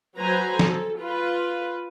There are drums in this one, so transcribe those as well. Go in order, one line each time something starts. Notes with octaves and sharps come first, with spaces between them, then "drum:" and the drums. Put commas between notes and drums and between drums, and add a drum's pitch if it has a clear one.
F#3 B4 C5 G#5 A#5
A4, drum: snare
F4 B4